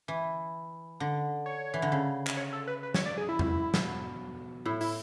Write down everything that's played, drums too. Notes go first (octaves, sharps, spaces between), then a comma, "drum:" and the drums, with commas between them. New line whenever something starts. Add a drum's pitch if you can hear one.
E3
D3
C#5
E3
D3
C#3
drum: clap
C#5
A4
B4
B4
C#5, drum: snare
D5
G#4
E4
drum: tom E2
B2, drum: snare
A2 E4
E4, drum: open hi-hat